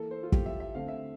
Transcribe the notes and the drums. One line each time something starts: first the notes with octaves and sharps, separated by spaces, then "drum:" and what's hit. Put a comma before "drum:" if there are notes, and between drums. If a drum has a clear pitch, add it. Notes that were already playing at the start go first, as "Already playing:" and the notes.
Already playing: E3 A#3 A4
C5
F4
G4, drum: kick
E5
E5
D3 A3 C4 F5
E5